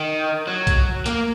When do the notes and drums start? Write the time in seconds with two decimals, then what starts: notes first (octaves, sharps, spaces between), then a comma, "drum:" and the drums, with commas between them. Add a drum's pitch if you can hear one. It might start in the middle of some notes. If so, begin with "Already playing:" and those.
Already playing: D#3
0.47 F#3
0.67 drum: kick, hi-hat
1.06 A#3, drum: hi-hat